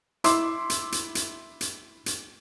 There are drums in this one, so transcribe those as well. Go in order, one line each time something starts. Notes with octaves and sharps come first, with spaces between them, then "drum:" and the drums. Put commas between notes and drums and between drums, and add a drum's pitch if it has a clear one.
E4 C6 D6 E6, drum: hi-hat
drum: hi-hat
drum: hi-hat
drum: hi-hat
drum: hi-hat
drum: hi-hat